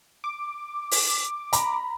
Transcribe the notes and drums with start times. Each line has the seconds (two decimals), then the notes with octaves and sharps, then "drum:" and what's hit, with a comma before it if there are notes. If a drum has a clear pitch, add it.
0.24 D6
0.91 drum: open hi-hat
1.53 A#5 B5, drum: hi-hat